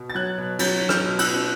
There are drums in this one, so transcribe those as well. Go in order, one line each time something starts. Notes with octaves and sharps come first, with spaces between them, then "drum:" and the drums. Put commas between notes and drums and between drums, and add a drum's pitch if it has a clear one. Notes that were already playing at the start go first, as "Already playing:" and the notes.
Already playing: B2
A6
F#3 F#6 G#6
B2
F#3 G6 A6, drum: cymbal
F#3
F6 G6, drum: rim click
B2
E6 F#6, drum: cymbal
B2